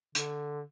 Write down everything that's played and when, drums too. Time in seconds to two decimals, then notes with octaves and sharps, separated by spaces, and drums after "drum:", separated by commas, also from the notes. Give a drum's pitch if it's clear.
0.15 D3, drum: hi-hat